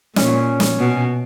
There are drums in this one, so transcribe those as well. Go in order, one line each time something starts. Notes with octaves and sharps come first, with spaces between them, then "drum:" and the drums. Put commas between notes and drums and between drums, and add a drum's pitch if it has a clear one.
A#2 C#4, drum: snare
drum: snare
B2